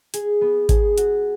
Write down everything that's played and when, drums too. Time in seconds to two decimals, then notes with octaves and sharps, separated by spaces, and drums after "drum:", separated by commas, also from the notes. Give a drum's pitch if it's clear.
0.14 G#4, drum: hi-hat
0.41 B3
0.69 G#4, drum: kick G#1, hi-hat
0.98 F#4, drum: hi-hat